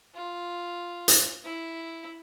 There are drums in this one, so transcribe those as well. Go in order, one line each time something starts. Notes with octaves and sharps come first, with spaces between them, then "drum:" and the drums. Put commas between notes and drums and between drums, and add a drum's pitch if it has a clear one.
F4
drum: hi-hat
E4